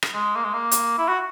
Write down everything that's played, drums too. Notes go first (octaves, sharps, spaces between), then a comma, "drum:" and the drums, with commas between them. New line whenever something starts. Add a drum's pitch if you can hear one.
drum: rim click
G#3
A#3
G#3
A#3
drum: hi-hat
E4
F#4